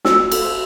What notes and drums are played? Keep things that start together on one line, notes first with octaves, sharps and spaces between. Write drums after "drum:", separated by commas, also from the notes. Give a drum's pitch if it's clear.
F#4 E6, drum: snare
A4, drum: cymbal